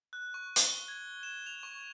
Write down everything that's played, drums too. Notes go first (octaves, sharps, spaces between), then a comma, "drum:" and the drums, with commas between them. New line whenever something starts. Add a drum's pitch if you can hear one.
F#6
C#6
G7, drum: hi-hat
C#7
G#6
E7
F7
C#6